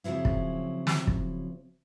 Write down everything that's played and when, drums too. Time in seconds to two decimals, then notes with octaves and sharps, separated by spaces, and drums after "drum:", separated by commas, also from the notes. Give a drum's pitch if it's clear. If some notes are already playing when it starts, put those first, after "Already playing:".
0.04 C#3 F3 F#3 C4 E4
0.25 drum: kick
0.87 drum: snare
1.07 drum: kick